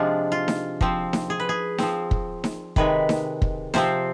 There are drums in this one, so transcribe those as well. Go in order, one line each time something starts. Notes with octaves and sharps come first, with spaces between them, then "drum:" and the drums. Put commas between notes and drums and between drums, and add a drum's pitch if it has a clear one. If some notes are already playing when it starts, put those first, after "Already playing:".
Already playing: C3 F3 G#3 D4 F4
F4
drum: snare D#4
F3 C4, drum: kick
drum: snare D#4
G#4
B4
G#4
F3 C4, drum: snare D#4
drum: kick
drum: snare D#4
C3 D#3 G#3 B4, drum: kick
drum: snare D#4
drum: kick
C3 F3 C4 C5, drum: snare D#4